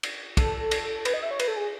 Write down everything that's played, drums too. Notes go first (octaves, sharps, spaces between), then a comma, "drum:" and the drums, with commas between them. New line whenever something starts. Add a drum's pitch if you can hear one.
drum: cymbal
A4, drum: kick, cymbal
drum: cymbal
B4, drum: cymbal
D#5
E5
C#5
B4, drum: cymbal
A4
G#4